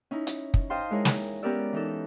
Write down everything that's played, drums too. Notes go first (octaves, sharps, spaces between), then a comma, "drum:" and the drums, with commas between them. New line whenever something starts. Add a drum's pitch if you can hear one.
C#4 D#4 E4
drum: hi-hat
drum: kick
C5 D#5 F5 G5 A5 C6
G#3 E4 G#4 A#4 C#5
drum: snare
B3 C#4 G4 A#4 D5 E6
E3 D#4 A4